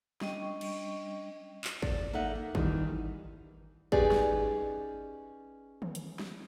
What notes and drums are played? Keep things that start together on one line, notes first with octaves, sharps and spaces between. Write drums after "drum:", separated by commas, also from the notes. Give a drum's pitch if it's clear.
G3 C#4 D4 D#5 G5 C#6, drum: snare
drum: cymbal
drum: clap
D5, drum: kick
A#3 D#4 A4 E5 F#5
A#3
D#3 E3 G3 D#4, drum: kick
C#4 D#4 G4 G#4 B4 D5, drum: kick
drum: snare
drum: tom D#3
drum: hi-hat
drum: snare